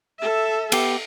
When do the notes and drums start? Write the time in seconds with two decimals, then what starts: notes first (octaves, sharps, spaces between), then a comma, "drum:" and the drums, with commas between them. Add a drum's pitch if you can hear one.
0.19 A4 E5
0.72 B3 G4, drum: cymbal